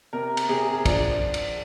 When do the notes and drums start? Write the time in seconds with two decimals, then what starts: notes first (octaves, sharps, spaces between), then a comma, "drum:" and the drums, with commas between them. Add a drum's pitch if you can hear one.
0.13 C3 A#4
0.37 drum: cymbal
0.49 C3 G#4
0.85 F3 D4, drum: kick, cymbal
1.34 drum: cymbal